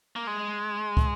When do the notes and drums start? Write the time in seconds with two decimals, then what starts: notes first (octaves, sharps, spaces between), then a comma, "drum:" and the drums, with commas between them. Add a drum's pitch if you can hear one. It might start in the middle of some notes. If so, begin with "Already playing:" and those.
0.16 A#3
0.27 G#3
0.97 drum: kick